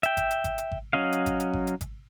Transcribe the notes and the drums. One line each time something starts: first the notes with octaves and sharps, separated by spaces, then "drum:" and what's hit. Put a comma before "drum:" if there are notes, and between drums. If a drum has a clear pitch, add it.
E5 G5, drum: hi-hat
drum: kick G#1, hi-hat
drum: hi-hat
drum: kick G#1, hi-hat
drum: hi-hat
drum: kick G#1
F#3 C#4 D#5 F5
drum: hi-hat
drum: kick G#1, hi-hat
drum: hi-hat
drum: kick G#1
drum: hi-hat
drum: kick G#1, hi-hat